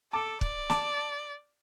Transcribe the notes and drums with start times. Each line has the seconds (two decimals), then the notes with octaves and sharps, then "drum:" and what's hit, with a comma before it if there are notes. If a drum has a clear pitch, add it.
0.13 A4 A5 D6
0.41 D5, drum: kick
0.70 A5 D6, drum: snare